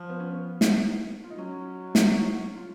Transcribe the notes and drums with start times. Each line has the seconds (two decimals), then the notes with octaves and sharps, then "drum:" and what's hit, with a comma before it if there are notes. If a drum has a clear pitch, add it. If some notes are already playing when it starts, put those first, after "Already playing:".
Already playing: F3
0.09 B3
0.20 C#4
0.32 B3
0.61 drum: snare
1.24 F4
1.30 D#4
1.37 F#3 C#4
1.95 drum: snare
2.56 F4